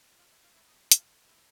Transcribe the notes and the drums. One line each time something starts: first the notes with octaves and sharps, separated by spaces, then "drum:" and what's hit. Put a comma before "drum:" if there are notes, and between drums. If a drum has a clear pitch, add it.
F4
E4
F4
E4
D#4
F4, drum: hi-hat
E4